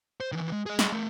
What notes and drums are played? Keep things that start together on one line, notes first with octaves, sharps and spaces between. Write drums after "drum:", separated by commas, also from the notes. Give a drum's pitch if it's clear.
C5
D#3 E3
G#3
G#4 D#5
drum: snare
A3 A#4